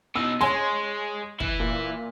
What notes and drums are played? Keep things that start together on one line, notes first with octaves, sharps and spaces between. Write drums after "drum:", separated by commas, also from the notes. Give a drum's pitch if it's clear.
B2 D#4 E6
G#3 C#5 G#5 C6, drum: snare
E3 E4, drum: kick
A#2